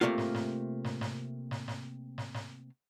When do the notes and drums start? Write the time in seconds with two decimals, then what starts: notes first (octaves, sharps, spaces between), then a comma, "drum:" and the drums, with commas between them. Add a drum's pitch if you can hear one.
0.01 C3 F3 A3 A#3 F4
0.18 drum: snare
0.35 drum: snare
0.85 drum: snare
1.01 drum: snare
1.51 drum: snare
1.68 drum: snare
2.18 drum: snare
2.34 drum: snare